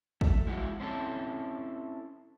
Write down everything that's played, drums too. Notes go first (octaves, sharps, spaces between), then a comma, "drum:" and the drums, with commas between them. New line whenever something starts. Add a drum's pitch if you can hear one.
A3, drum: kick
F3 G#3 E4 F#4
C4 C#4 E4 A4